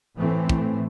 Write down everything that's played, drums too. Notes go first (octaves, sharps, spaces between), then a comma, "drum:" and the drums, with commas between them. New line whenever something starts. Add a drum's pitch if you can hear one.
A2 E3 A3 C4
drum: kick